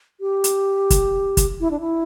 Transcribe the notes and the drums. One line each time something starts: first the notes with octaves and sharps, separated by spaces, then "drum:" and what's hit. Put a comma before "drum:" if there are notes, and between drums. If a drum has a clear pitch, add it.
G4
drum: hi-hat
drum: kick, hi-hat
drum: kick, hi-hat
E4
D4
E4